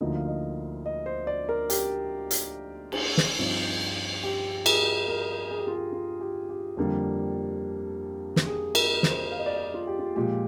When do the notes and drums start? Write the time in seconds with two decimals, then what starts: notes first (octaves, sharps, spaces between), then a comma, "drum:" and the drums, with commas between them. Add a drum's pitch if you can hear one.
0.01 D2 D3 F3 A#3 D#4 D#5
0.15 F5
0.28 D#5
0.86 D#5
1.06 C5
1.27 D5
1.49 A#4
1.70 G4, drum: hi-hat
2.31 drum: hi-hat
2.92 drum: cymbal
3.17 drum: snare
3.39 G2 F3 C4 D#4
4.24 G4
4.66 G#4, drum: cymbal
5.08 A#4
5.51 G#4
5.59 G4
5.67 F4
5.76 G4
5.93 F4
6.21 G4
6.49 G4
6.77 F2 D3 G3 A#3 D4 G4
8.36 drum: snare
8.47 G#4
8.75 A#4, drum: cymbal
9.03 C5, drum: snare
9.32 F5
9.39 D#5
9.46 D5
9.54 D#5
9.74 F4
9.87 G4
9.99 F4
10.16 A#2 F3 G#3 G4